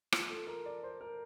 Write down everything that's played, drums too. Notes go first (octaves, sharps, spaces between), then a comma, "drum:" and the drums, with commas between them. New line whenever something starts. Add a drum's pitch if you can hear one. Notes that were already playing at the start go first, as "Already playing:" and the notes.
F4, drum: rim click
A4
A#4
D5
C5
A#4